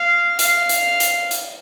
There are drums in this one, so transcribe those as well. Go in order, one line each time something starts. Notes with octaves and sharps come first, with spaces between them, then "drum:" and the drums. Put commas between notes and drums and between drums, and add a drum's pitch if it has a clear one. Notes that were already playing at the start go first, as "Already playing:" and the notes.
Already playing: F5
F5, drum: hi-hat
drum: hi-hat
drum: hi-hat
drum: hi-hat